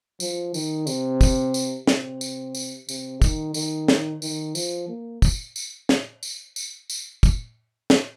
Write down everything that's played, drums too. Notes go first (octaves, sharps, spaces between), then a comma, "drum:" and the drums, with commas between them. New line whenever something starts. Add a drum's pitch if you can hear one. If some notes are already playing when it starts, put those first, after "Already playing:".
F3, drum: tambourine
D#3, drum: tambourine
C3, drum: tambourine
drum: kick, tambourine
drum: tambourine
C3, drum: snare
drum: tambourine
drum: tambourine
C3, drum: tambourine
D#3, drum: kick, tambourine
D#3, drum: tambourine
drum: snare
D#3, drum: tambourine
F3, drum: tambourine
A#3
drum: kick, tambourine
drum: tambourine
drum: snare
drum: tambourine
drum: tambourine
drum: tambourine
drum: kick, tambourine
drum: snare